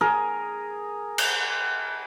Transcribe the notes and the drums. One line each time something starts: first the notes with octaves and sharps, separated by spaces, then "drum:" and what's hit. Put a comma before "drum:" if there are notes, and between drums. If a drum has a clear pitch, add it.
G#4 A#4
drum: cymbal